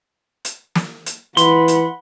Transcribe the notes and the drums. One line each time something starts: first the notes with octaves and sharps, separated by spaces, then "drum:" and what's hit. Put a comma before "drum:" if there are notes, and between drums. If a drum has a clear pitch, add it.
drum: hi-hat
drum: snare
drum: hi-hat
E3 F#5 B5 C6, drum: hi-hat
drum: hi-hat